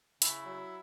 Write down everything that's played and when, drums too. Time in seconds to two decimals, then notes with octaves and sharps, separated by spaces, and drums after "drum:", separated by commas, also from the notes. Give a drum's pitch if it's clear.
0.22 C#3 E4, drum: hi-hat
0.45 F#3